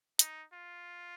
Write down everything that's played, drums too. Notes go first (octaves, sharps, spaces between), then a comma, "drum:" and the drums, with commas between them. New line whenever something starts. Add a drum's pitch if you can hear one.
D#4, drum: hi-hat
F4